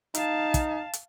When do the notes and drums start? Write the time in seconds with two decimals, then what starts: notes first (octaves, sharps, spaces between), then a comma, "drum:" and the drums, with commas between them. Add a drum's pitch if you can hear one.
0.14 D#4 F5 A5, drum: hi-hat
0.54 drum: kick, hi-hat
0.93 drum: hi-hat